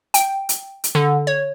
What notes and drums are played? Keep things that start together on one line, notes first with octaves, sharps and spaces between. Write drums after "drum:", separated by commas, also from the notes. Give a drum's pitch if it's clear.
G5, drum: hi-hat
drum: hi-hat
drum: hi-hat
D3
C#5